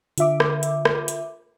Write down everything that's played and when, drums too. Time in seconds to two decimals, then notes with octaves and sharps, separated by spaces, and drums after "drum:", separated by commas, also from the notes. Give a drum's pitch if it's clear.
0.18 D3 F4 E5 D6, drum: hi-hat
0.40 drum: rim click
0.63 drum: hi-hat
0.85 drum: rim click
1.08 drum: hi-hat